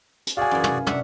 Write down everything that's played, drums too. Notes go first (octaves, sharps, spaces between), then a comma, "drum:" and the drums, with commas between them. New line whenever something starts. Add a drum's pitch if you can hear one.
drum: hi-hat
F#4 G#4 D5 F5 G#5
F#2 E3
drum: tom
C#4 D4 E5 F#5, drum: tom